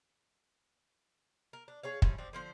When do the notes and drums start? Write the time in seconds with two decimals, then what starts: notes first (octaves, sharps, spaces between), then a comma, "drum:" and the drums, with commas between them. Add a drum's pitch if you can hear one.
1.53 A#4
1.68 D4
1.83 G#4 C#5 F5
2.02 F3 G3 C#4 E4, drum: kick
2.18 F3 C4 D4
2.33 D3 F3 C5